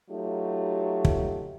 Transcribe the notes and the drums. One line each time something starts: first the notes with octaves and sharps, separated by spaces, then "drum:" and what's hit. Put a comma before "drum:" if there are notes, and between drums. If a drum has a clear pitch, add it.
F#3 A3 D#4 F4 G4
drum: kick